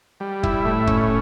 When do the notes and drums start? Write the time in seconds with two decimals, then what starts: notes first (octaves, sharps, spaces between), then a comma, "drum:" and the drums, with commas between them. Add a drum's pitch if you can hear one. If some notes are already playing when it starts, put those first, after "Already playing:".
0.20 G3
0.43 E4, drum: kick
0.65 A2
0.87 C#4, drum: kick